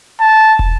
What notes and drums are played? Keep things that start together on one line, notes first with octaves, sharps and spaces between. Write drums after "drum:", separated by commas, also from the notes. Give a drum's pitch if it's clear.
A5
drum: kick